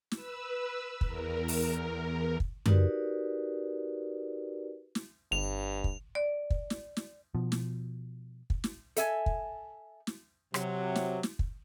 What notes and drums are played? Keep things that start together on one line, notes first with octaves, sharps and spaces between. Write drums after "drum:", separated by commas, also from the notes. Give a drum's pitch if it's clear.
B4 E6, drum: snare
E2 A#4, drum: kick
drum: open hi-hat
drum: kick
D#4 F#4 G4 A#4 B4 D5, drum: tom F#2
drum: snare
G1 G2 F7
drum: kick
D5
drum: kick
drum: snare
drum: snare
B2 F3
drum: snare
drum: kick
drum: snare
A4 E5 G#5, drum: hi-hat
drum: kick
drum: snare
C3 F#3, drum: rim click
drum: snare
drum: snare
drum: kick